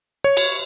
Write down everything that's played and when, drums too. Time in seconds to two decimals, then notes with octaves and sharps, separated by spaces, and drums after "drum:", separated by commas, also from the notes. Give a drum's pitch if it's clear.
0.24 C#5
0.37 drum: cymbal